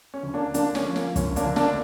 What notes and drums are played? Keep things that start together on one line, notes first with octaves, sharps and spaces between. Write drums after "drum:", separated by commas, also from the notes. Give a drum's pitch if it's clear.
C#4
D2
A#3 D4
D3 A#3 D4, drum: hi-hat
C#4, drum: snare
F3
A#3, drum: snare
D2 C#4, drum: kick, hi-hat
A#3 D4, drum: hi-hat
D2
A#3 D4, drum: snare